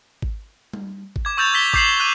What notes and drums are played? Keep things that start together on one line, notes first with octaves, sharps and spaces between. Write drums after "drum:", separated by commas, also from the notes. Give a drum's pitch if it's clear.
drum: kick G#1
drum: tom G3
drum: kick G#1
D6 G#6
C#6 E6 G6 A6 F7
E6 A6 B6 G7
D6 G6 C7 F7 F#7, drum: kick G#1
F#6 D#7